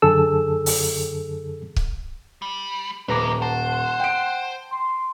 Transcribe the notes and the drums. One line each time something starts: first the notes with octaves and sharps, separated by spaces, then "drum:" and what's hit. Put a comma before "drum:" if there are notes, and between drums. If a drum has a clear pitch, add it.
F#2 D3 G#4 A4 E6
drum: open hi-hat
drum: kick C#1
G3
D#1 F2 B4 A#5 D6
C5 F#5 A5
G5 D7
C6